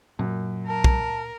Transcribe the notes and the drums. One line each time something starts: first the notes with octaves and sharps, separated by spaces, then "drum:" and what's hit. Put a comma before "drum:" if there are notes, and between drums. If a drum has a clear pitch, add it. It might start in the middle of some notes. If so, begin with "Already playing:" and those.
F#2 A#2
A#4 A5
drum: kick